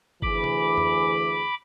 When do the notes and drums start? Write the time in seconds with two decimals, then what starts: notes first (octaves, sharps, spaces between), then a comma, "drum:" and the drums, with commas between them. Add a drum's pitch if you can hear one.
0.22 D2 E3 G#4 B5 D6, drum: kick G1
0.44 drum: tom C3
0.77 drum: tom F2